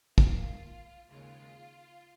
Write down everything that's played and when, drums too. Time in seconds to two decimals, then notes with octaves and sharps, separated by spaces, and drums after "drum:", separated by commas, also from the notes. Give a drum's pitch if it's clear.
0.18 G#2 D#3 A#3 F4, drum: kick
1.10 D#2 C#3 G#3 F4